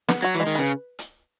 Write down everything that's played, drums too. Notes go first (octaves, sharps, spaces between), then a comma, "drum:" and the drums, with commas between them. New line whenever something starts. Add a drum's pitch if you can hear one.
B3, drum: snare
F#3 F#4
E3
G#3
D#3
C#3 B4
drum: hi-hat